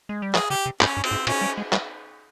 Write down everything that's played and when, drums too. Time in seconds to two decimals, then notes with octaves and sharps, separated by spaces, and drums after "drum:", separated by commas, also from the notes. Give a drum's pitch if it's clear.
0.09 G#3
0.22 G3
0.35 F3 G#4, drum: clap
0.50 C#3 G4
0.66 C3
0.81 G#2 C#4, drum: clap
0.97 G2
1.04 C4, drum: cymbal
1.11 G#2
1.27 A#2 C#4, drum: cymbal
1.41 G3
1.58 G#3
1.73 G3, drum: clap